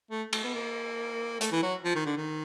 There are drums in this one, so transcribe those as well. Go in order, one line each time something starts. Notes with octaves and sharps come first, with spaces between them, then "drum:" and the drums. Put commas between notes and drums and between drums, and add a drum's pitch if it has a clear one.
A3
A3, drum: cymbal
B3
A#3
A3, drum: hi-hat
E3
F#3
F3
D#3
D3
D#3